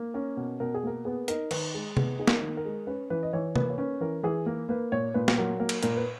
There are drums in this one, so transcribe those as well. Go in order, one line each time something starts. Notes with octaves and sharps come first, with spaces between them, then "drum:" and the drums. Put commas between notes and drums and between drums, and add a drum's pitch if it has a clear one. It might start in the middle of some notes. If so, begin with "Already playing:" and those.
Already playing: A#3
C#4 A#4
B2
B2 A#4
G#4
A#3 A#4
B3 G#4
D#4 A#4, drum: hi-hat
D#3 B4, drum: cymbal
G#3
B3 G#4, drum: tom C3
D#4 G#4
A#4, drum: snare
D#3
A#4
G#3
C#4 B4
E3 B4
D#5
E3 C#5
A#3 B4, drum: tom C3
C#5
C#4 B4
E3 A#4
E3 G#4
A#3 A#4
A#3 B4
A#2 C#5
A#2 B4
drum: snare
F#3 A#4
A#3 A#4
drum: cymbal
A#2 A#4, drum: hi-hat
B4